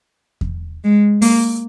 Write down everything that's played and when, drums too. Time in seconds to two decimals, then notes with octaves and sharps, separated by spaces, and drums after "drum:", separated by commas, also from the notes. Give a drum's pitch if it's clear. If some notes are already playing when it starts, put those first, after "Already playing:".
0.41 drum: kick E2
0.84 G#3
1.22 A#3, drum: open hi-hat